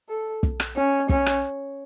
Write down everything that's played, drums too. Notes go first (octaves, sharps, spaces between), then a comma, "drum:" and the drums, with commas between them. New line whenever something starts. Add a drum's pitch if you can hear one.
A4
drum: kick
drum: rim click
C#4
C#4, drum: kick
drum: rim click